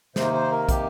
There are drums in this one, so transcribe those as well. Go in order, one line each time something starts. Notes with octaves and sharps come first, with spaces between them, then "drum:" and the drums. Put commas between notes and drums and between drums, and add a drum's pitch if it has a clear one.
C3 D#3 A#3 C5, drum: snare
C5
A#4
G4, drum: kick, hi-hat